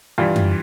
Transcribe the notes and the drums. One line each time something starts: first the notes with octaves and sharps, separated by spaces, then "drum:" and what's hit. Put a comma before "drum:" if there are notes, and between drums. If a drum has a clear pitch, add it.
G2 E3 G3 F4
drum: tom F#2